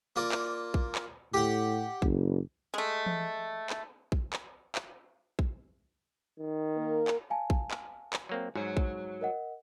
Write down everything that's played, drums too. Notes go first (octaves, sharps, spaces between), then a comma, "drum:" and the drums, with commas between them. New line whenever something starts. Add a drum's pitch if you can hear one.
A#3 F4 D5
drum: clap
drum: kick
drum: clap
A2 G4 F#5
F#1, drum: kick
G#3 A3
drum: tom E3
drum: clap
drum: kick
drum: clap
drum: clap
drum: kick
D#3
A#3 A#4
drum: clap
F5 G#5 A5
drum: kick
drum: clap
drum: clap
F#3 A#3 C4
G#2 F#4 C#5
drum: kick
A#4 D#5 F#5